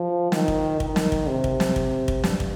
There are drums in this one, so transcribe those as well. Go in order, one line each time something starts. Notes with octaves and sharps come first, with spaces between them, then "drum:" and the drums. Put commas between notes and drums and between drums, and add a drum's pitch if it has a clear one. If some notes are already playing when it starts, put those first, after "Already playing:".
Already playing: F3
D#3, drum: snare
drum: kick
D#3, drum: kick
drum: snare
drum: kick
C3
drum: kick
drum: snare
drum: kick
drum: kick
G2, drum: snare
drum: kick